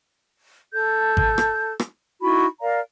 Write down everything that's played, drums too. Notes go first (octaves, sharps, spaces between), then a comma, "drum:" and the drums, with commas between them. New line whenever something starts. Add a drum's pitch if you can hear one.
A4 G6
drum: kick G#1
drum: rim click
drum: rim click
D#4 E4 F#4 B5
A#4 D5 F5 A#5